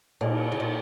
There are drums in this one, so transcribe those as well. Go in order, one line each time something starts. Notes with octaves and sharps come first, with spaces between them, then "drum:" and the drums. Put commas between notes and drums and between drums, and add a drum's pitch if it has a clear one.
A#2, drum: cymbal
C#3
A#2